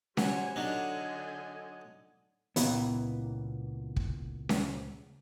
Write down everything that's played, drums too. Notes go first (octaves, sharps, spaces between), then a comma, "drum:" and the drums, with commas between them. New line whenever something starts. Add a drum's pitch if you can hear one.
F#3 G3 C5 G#5, drum: snare C#4
D3 F#3 D4 D#4 D#5 G#5
C#2 A#2 E3 B3, drum: hi-hat
drum: kick
drum: snare C#4